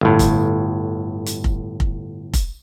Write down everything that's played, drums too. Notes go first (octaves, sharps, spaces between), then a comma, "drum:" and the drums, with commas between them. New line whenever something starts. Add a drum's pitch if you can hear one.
G1 A2
drum: kick F1, hi-hat
drum: hi-hat
drum: kick F1
drum: kick F1
drum: kick F1, hi-hat